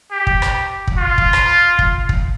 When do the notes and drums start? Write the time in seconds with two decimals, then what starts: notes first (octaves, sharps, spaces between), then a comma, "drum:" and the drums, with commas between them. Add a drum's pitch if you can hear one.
0.11 G4
0.27 drum: kick
0.42 drum: rim click
0.87 drum: kick
0.98 F4
1.18 drum: kick
1.33 drum: rim click
1.79 drum: kick
2.09 drum: kick